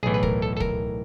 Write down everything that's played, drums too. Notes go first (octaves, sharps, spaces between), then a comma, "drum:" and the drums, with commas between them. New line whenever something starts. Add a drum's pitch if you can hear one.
B1 A2 E3 G#4
B4
A#4, drum: kick
A4
A4
A#4, drum: kick